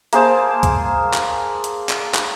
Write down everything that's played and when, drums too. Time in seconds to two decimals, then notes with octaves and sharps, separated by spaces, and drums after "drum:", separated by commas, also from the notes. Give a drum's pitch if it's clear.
0.13 A#3 G#4 C5 A5, drum: hi-hat
0.63 drum: kick C#2, hi-hat
1.14 drum: clap
1.64 drum: hi-hat
1.89 drum: clap
2.14 drum: clap